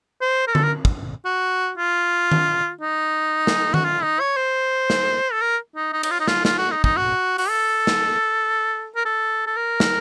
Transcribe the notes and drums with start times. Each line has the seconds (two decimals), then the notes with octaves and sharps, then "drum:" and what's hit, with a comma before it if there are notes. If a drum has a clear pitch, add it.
0.21 C5
0.47 A#4
0.55 A4, drum: tom D3
0.63 A#4
0.85 drum: kick
1.25 F#4
1.77 F4
2.32 drum: tom D#3
2.81 D#4
3.47 drum: snare
3.74 F#4, drum: tom D#3
3.85 F4
4.03 D#4
4.20 C#5
4.37 C5
4.90 drum: snare
5.32 A4
5.41 A#4
5.76 D#4
5.93 D#4
6.03 D#4, drum: cymbal
6.11 F4
6.20 D#4
6.28 F4, drum: snare
6.45 F4, drum: snare
6.58 F#4
6.71 D#4
6.84 D#4, drum: kick
6.97 F#4
7.38 F#4, drum: open hi-hat
7.49 A4
7.87 drum: snare
8.96 A#4
9.05 A4
9.46 A4
9.57 A#4
9.80 drum: snare